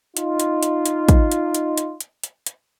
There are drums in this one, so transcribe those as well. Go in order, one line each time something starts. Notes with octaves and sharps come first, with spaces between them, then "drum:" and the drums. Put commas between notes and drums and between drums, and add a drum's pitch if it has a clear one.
D#4 F4, drum: hi-hat
drum: hi-hat
drum: hi-hat
drum: hi-hat
drum: kick, hi-hat
drum: hi-hat
drum: hi-hat
drum: hi-hat
drum: hi-hat
drum: hi-hat
drum: hi-hat